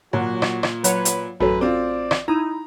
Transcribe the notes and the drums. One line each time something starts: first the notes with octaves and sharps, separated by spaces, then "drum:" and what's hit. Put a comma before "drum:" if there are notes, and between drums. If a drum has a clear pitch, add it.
A#2 F#3 F#4
drum: rim click
drum: rim click
F#3 B4 C#5, drum: hi-hat
drum: hi-hat
A1 F#2 F#4 A4 B4 C#5
C4 F4 D5
drum: rim click
D#4 E4 A#5